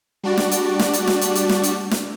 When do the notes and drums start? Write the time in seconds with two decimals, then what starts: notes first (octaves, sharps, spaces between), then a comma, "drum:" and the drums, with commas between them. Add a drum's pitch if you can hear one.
0.23 G3 D4 F#4 D5
0.37 drum: snare
0.51 drum: hi-hat
0.79 drum: snare
0.93 drum: hi-hat
1.07 drum: snare
1.21 drum: hi-hat
1.35 drum: hi-hat
1.49 drum: snare
1.63 drum: hi-hat
1.91 drum: snare